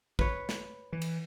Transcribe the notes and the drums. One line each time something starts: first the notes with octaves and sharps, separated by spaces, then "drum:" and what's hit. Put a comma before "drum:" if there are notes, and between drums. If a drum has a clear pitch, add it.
B4 C#5, drum: kick
drum: snare
E3
drum: cymbal